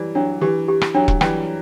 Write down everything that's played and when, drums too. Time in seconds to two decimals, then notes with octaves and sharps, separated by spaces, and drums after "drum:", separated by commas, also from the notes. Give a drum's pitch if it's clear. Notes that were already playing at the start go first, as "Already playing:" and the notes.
Already playing: E3 F#3 G3 D5
0.15 F#3 D4
0.41 E3 G4
0.68 G4
0.81 drum: rim click
0.94 F#3 D4
1.08 drum: kick E1
1.21 E3 G3 G5, drum: rim click